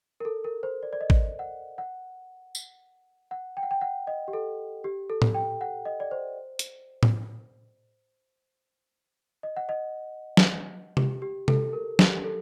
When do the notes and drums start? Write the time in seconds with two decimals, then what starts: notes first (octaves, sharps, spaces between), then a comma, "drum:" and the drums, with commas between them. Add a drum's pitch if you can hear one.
0.20 A#4
0.25 A4
0.44 A#4
0.63 C5
0.83 D5
0.93 D5
1.01 D#5
1.10 drum: kick
1.39 F#5
1.78 F#5
2.55 drum: tambourine
3.31 F#5
3.57 G5
3.63 F#5
3.71 G5
3.81 F#5
4.07 D#5
4.28 G4
4.33 A4
4.84 G4
5.10 A4
5.22 drum: tom A2
5.34 G5
5.61 F#5
5.85 D#5
6.00 D5
6.11 C5
6.59 drum: hi-hat
7.03 drum: tom A2
9.43 D#5
9.57 F#5
9.69 D#5
10.37 drum: snare
10.97 G4, drum: tom C3
11.22 G4
11.48 A4, drum: tom C3
11.73 A#4
11.99 G4, drum: snare
12.24 A4